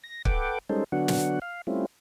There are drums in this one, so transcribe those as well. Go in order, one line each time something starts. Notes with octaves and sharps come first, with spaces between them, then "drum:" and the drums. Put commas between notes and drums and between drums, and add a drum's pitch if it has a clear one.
A#6
A4 B4 F#5 G5 D6, drum: kick
G3 G#3 C#4 D#4 A4 C5
D3 F#3 B3 D4 F#4 F#5
drum: snare
F5
G3 A3 C4 C#4 E4 F4